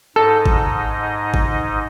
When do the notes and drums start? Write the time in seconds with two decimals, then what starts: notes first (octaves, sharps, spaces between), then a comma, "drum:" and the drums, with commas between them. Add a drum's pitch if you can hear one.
0.16 G#2 D#4 A4 D#5
0.46 drum: kick G1
1.34 drum: kick G1